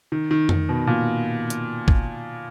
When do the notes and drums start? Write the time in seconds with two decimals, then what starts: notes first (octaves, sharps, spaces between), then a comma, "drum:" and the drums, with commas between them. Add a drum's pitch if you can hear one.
0.12 D#3
0.31 D#3
0.49 D#3, drum: tom F2
0.69 B2
0.87 A#2
1.50 drum: hi-hat
1.88 drum: kick